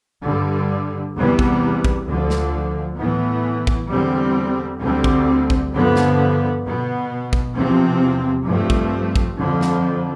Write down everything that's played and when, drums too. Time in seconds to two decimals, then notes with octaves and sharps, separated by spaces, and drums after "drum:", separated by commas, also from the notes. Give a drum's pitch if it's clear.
0.24 G2 D3 G3
1.16 E2 C3 E3 G3 B3
1.39 drum: kick
1.85 drum: kick
2.08 D2 D3 F3
2.30 drum: snare
2.99 A2 E3 B3
3.67 drum: kick
3.90 E2 D3 G3 C4
4.82 D2 D3 G3 C4
5.04 drum: kick
5.50 drum: kick
5.73 G2 D3 F3 B3
5.96 drum: snare
6.64 B2 B3
7.33 drum: kick
7.56 E2 C3 F3 C4
8.47 G2 F3 A3 C4
8.70 drum: kick
9.16 drum: kick
9.38 F2 D3 F3
9.61 drum: snare